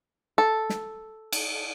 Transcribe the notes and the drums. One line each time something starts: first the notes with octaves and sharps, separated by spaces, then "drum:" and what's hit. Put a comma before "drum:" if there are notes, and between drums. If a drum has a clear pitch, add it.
A4
drum: snare
drum: cymbal